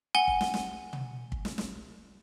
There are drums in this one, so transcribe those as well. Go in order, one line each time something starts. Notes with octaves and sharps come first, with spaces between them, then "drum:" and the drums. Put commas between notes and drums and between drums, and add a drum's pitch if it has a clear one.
F#5 G#5 G7
drum: kick
drum: snare
drum: snare
drum: tom
drum: kick
drum: snare
drum: snare